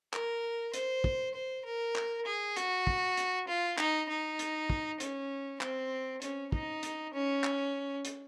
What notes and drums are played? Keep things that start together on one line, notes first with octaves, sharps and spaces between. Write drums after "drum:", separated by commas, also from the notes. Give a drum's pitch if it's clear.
A#4, drum: clap
C5, drum: hi-hat
drum: kick
C5
A#4
drum: clap
G#4
F#4, drum: hi-hat
drum: kick
drum: hi-hat
F4
D#4, drum: clap
D#4
drum: hi-hat
drum: kick
C#4, drum: hi-hat
C4, drum: clap
C#4, drum: hi-hat
D#4, drum: kick
drum: hi-hat
C#4
drum: clap
drum: hi-hat